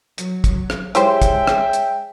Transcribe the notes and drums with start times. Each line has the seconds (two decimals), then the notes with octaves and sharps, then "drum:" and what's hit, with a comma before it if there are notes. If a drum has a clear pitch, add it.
0.18 F#3, drum: hi-hat
0.44 drum: kick, hi-hat
0.70 drum: rim click
0.95 G#3 E4 G4 C5 C#5 E5 G5, drum: hi-hat
1.22 drum: kick, hi-hat
1.47 drum: rim click
1.73 drum: hi-hat